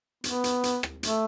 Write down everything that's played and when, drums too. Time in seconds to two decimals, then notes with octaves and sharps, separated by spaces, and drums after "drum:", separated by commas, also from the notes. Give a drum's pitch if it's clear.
0.24 B3, drum: hi-hat
0.44 drum: hi-hat
0.63 drum: hi-hat
0.83 drum: rim click
1.03 A3, drum: hi-hat